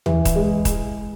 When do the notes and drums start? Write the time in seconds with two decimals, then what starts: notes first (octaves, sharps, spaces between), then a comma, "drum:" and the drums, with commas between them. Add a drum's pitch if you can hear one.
0.06 E3, drum: tom
0.25 drum: kick D#1, hi-hat
0.36 G#3
0.65 drum: kick D#1, hi-hat